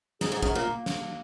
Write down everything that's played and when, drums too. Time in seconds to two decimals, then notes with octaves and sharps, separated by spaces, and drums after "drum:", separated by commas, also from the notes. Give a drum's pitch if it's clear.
0.21 G#2 G#4, drum: snare
0.32 G#2 G#4
0.42 F#2 G#4, drum: kick
0.54 A#2 A#4
0.65 A#3
0.86 drum: snare